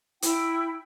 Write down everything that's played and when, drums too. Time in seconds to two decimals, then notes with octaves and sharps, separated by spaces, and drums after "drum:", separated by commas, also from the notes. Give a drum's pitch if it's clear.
0.22 E4 G5, drum: hi-hat